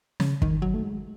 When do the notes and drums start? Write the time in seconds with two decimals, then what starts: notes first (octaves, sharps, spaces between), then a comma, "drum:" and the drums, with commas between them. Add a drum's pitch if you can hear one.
0.20 C#3, drum: snare
0.42 D#3, drum: kick
0.62 F#3
0.74 A3
0.83 G#3